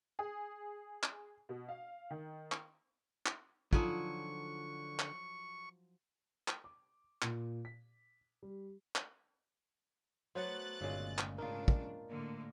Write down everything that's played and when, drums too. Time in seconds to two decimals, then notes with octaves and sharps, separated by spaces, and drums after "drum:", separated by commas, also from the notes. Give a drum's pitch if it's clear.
0.19 G#4
1.03 drum: clap
1.49 B2
1.69 F5
2.10 D#3
2.52 drum: clap
3.26 drum: clap
3.73 D3 F3 F#3 D#4 F4 A4 G#5 C#6, drum: kick
4.99 drum: clap
6.48 drum: clap
6.64 D6
7.22 A#2, drum: clap
7.65 B6
8.43 G3
8.96 drum: clap
10.35 F#3 A3 B3 C5 F#5 F#6 A6
10.81 G1 A#2 C#3 G#3
11.18 drum: clap
11.38 G#2 C#3 D4 D#4 F4 A#4
11.68 drum: kick
12.09 A2 D3 A#3